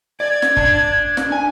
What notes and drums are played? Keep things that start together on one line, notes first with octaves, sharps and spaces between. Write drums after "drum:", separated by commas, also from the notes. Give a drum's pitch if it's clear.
D5 G#6
drum: snare
D4, drum: kick G1
drum: snare
G#5